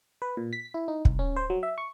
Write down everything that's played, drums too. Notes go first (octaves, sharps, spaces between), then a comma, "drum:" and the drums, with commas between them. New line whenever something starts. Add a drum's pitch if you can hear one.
B4
A#2
B6
E4
D#4
C2, drum: kick
C#4
C5
F#3
E5
C#6